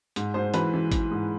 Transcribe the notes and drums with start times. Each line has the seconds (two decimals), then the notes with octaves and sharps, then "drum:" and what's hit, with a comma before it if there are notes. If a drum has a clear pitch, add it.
0.16 G#2, drum: hi-hat
0.34 G#2 C5
0.54 E3 B4, drum: hi-hat
0.74 E3
0.92 E3, drum: kick G#1, hi-hat
1.11 G#2